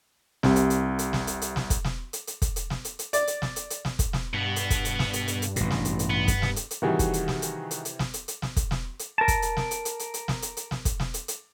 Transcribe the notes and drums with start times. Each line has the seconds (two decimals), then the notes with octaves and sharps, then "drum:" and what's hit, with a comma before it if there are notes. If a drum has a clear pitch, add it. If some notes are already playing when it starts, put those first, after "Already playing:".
0.43 C2 C3, drum: snare
0.56 drum: hi-hat
0.70 drum: hi-hat
0.99 drum: hi-hat
1.13 drum: snare
1.27 drum: hi-hat
1.42 drum: hi-hat
1.56 drum: snare
1.70 drum: kick, hi-hat
1.84 drum: snare
2.13 drum: hi-hat
2.27 drum: hi-hat
2.42 drum: kick, hi-hat
2.56 drum: hi-hat
2.70 drum: snare
2.85 drum: hi-hat
2.99 drum: hi-hat
3.13 D5, drum: hi-hat
3.27 drum: hi-hat
3.42 drum: snare
3.56 drum: hi-hat
3.70 drum: hi-hat
3.85 drum: snare
3.99 drum: kick, hi-hat
4.13 drum: snare
4.34 G2 B2 B3
4.56 drum: hi-hat
4.70 drum: kick, hi-hat
4.85 drum: hi-hat
4.99 drum: snare
5.13 drum: hi-hat
5.28 drum: hi-hat
5.42 drum: hi-hat
5.56 A1 B2, drum: hi-hat
5.71 drum: snare
5.85 drum: hi-hat
5.99 drum: hi-hat
6.10 B3
6.28 drum: kick, hi-hat
6.42 drum: snare
6.56 drum: hi-hat
6.71 drum: hi-hat
6.82 C3 D#3 E3 G3 F#4 G#4
6.99 drum: kick, hi-hat
7.13 drum: hi-hat
7.28 drum: snare
7.42 drum: hi-hat
7.71 drum: hi-hat
7.85 drum: hi-hat
7.99 drum: snare
8.14 drum: hi-hat
8.28 drum: hi-hat
8.42 drum: snare
8.56 drum: kick, hi-hat
8.71 drum: snare
8.99 drum: hi-hat
9.18 A#4 A5
9.28 drum: kick, hi-hat
9.42 drum: hi-hat
9.57 drum: snare
9.71 drum: hi-hat
9.85 drum: hi-hat
9.99 drum: hi-hat
10.14 drum: hi-hat
10.28 drum: snare
10.42 drum: hi-hat
10.57 drum: hi-hat
10.71 drum: snare
10.85 drum: kick, hi-hat
11.00 drum: snare
11.14 drum: hi-hat
11.28 drum: hi-hat